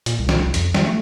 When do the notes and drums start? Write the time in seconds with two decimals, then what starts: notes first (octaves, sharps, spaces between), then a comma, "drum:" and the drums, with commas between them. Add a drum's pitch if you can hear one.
0.06 A#2, drum: hi-hat
0.19 C2
0.29 drum: snare
0.39 C2
0.54 F2, drum: hi-hat
0.74 G3, drum: snare
0.86 A3